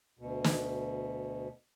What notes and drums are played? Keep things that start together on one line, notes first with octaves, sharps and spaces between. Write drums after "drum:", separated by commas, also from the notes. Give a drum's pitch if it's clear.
D2 B2
drum: snare